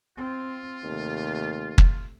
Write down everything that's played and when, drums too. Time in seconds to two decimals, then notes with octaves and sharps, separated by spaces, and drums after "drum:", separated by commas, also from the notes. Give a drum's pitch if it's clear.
0.18 C4 F4
0.84 D#2 C3 A3
1.78 drum: kick